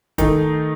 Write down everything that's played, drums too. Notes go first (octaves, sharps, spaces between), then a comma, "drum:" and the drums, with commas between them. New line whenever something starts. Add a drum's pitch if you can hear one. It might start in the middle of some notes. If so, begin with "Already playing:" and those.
D#3 A3 D#4, drum: kick, hi-hat